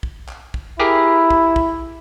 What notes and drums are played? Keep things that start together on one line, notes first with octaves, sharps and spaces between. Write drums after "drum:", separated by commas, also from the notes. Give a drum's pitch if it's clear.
drum: kick
drum: clap
drum: kick
E4 G4 G#4 A#4
drum: kick
drum: kick